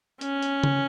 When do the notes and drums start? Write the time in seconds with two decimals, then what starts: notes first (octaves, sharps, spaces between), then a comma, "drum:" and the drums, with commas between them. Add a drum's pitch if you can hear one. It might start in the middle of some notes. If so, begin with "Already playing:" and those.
0.21 C#4, drum: hi-hat
0.43 drum: hi-hat
0.63 drum: tom C#3